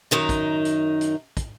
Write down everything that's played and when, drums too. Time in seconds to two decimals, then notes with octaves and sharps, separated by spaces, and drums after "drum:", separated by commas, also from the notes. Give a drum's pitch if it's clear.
0.11 F#2 D#3 D#4
0.29 drum: kick, hi-hat
0.65 drum: hi-hat
1.01 drum: hi-hat
1.37 drum: kick, hi-hat